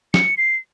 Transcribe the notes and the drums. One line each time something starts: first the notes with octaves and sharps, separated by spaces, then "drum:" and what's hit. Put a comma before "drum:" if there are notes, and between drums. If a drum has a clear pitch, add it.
C#7, drum: snare
C7